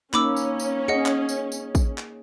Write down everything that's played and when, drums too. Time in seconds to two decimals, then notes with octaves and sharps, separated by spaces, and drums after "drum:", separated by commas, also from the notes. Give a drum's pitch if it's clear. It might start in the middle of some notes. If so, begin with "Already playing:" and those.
0.13 A#3 C#4 D#4 B5 D6 E6, drum: clap
0.37 drum: tambourine
0.60 drum: tambourine
0.88 G#4 D#5 F#5 C#7
1.06 drum: clap
1.29 drum: tambourine
1.52 drum: tambourine
1.75 drum: kick, tambourine
1.98 drum: clap